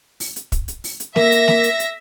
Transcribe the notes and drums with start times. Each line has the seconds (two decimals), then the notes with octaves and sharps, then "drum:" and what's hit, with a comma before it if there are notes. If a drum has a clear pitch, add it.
0.20 drum: open hi-hat
0.36 drum: hi-hat
0.52 drum: kick, hi-hat
0.68 drum: hi-hat
0.84 drum: open hi-hat
1.00 drum: hi-hat
1.16 A#3 E5 A#6, drum: snare
1.32 drum: hi-hat
1.48 drum: snare
1.64 drum: hi-hat
1.80 drum: hi-hat